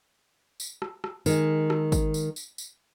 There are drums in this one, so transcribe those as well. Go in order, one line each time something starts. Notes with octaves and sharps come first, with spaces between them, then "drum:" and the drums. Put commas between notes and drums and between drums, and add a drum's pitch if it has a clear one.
drum: tambourine
drum: rim click
drum: rim click
D#3 G#3, drum: tambourine
drum: rim click
drum: kick G#1, tambourine
drum: tambourine
drum: tambourine
drum: tambourine